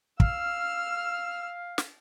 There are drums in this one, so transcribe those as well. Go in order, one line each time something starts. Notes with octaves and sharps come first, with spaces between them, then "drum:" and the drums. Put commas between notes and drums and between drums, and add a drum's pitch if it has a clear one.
F5 E6 F6, drum: kick
drum: snare